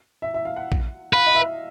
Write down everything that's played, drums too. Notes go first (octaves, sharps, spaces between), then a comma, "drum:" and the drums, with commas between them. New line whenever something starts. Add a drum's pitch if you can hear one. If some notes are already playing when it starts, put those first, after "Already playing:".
E5
E5
F5
F#5
drum: kick A#1
B4 F5
D#5
E5